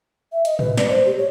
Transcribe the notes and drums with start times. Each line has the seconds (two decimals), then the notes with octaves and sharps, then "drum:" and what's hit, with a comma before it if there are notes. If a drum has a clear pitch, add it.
0.32 E5
0.45 D#5, drum: hi-hat
0.59 B4, drum: tom
0.77 D5, drum: snare
0.90 C5
1.06 G4
1.18 C#5